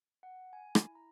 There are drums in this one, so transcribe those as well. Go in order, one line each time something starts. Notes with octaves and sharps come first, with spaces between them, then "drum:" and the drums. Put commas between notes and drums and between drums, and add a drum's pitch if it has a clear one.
F#5
G#5
E4, drum: rim click
A#5